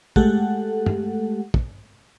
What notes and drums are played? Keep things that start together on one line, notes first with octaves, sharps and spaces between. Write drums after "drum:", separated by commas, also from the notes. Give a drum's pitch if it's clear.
G#3 A3 G4 A4 F#5, drum: kick
drum: tom
drum: kick